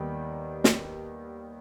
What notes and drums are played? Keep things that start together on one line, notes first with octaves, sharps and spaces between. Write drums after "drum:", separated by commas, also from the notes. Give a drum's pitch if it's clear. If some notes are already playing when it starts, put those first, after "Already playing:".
Already playing: D#2 D#3 G3 B3 G5
drum: snare